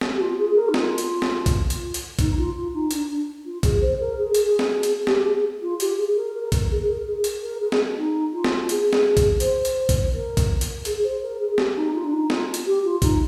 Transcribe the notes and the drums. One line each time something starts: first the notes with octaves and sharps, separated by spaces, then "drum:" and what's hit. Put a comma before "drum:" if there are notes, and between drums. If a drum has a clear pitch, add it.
C4, drum: snare
G4
F4
G#4
A#4
D#4
F4, drum: snare
drum: hi-hat
drum: snare
drum: kick B1, hi-hat
drum: hi-hat
drum: hi-hat
D#4, drum: kick B1, hi-hat
F4
F4
D#4
D4, drum: hi-hat
D4
F4
G#4, drum: kick B1, hi-hat
C5
A#4
G#4
G#4, drum: hi-hat
drum: snare
drum: hi-hat
G4, drum: snare
G#4
F4
G4, drum: hi-hat
G#4
A#4
A#4
A#4, drum: kick B1, hi-hat
G#4
A#4
G#4
drum: hi-hat
A#4
G#4
drum: snare
D#4
F4
drum: snare
G#4, drum: hi-hat
drum: snare
drum: kick B1, hi-hat
C5, drum: hi-hat
drum: hi-hat
drum: kick B1, hi-hat
A#4
drum: kick B1, hi-hat
drum: hi-hat
G#4, drum: hi-hat
C5
A#4
G#4
G4, drum: snare
D#4
F4
D4
D#4
F4, drum: snare
drum: hi-hat
G4
F4
D#4, drum: kick B1, hi-hat